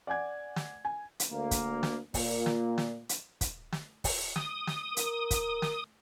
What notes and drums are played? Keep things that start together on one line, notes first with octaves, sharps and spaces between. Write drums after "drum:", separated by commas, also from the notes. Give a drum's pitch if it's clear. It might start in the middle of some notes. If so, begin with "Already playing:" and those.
D5 F#5 G#5 G#6
drum: snare
G#5
drum: hi-hat
D2 A#3
drum: kick, hi-hat
drum: snare
A#2 A#3, drum: kick, open hi-hat
drum: snare
drum: snare
drum: hi-hat
drum: kick, hi-hat
drum: snare
drum: kick, open hi-hat
D#6, drum: snare
drum: snare
A#4, drum: hi-hat
drum: kick, hi-hat
drum: snare